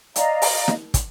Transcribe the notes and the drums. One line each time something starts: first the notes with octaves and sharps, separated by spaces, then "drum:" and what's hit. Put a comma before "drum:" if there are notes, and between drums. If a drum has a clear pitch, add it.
D5 D#5 F5 A#5, drum: hi-hat
drum: open hi-hat
drum: snare
drum: kick, hi-hat